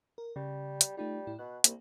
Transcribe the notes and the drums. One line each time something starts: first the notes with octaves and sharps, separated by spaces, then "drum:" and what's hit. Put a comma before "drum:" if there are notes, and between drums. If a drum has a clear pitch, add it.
A#4
C#3 G3
drum: hi-hat
G3 A3 D#4 F4
A2 E4
B2 F#6
C2 A#3, drum: hi-hat